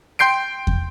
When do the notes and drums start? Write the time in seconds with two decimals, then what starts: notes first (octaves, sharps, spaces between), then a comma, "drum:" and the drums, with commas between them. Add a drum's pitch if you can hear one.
0.19 G5 C6 G6 C7 D7
0.67 drum: kick E2